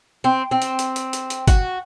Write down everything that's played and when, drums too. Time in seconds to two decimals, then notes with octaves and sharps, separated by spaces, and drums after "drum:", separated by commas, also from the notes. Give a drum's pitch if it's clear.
0.24 C4
0.51 C4
0.62 drum: hi-hat
0.79 drum: hi-hat
0.96 drum: hi-hat
1.13 drum: hi-hat
1.30 drum: hi-hat
1.47 F#4, drum: kick, hi-hat